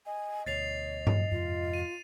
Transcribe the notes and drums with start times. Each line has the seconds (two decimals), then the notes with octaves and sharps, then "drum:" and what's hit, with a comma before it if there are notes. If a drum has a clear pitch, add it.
0.06 D#5 G#5
0.46 D2 B2 C#5 A6 C7 F7
1.07 drum: tom G2
1.32 F2 G#2 C3 F4
1.74 D#7